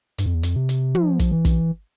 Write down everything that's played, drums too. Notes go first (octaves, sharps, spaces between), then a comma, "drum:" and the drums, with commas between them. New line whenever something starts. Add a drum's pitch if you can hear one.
G2, drum: hi-hat
F2
E2
F2, drum: hi-hat
C3
drum: hi-hat
F3, drum: tom
drum: kick, hi-hat
E3
drum: kick, hi-hat